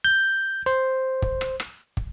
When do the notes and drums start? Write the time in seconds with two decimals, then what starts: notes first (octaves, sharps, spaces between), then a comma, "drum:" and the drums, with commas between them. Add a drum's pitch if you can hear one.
0.05 G6
0.66 C5
1.22 drum: kick
1.41 drum: rim click
1.60 drum: rim click
1.97 drum: kick